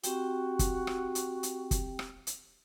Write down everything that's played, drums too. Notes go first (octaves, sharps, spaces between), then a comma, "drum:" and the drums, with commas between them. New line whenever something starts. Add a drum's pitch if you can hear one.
C4 F#4 G4 G5, drum: hi-hat
drum: kick, hi-hat
drum: rim click
drum: hi-hat
drum: hi-hat
drum: kick, hi-hat
drum: rim click
drum: hi-hat